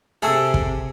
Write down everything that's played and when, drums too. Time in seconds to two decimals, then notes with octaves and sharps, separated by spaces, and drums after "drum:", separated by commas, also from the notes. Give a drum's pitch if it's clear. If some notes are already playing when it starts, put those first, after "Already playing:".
0.22 C3 G#4 A4 E5 A5 E6
0.54 drum: kick